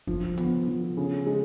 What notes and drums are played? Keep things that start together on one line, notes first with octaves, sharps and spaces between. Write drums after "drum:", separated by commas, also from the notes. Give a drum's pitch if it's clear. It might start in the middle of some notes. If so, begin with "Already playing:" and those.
F3, drum: kick
B3, drum: tom C#3
F3
C#3
G#3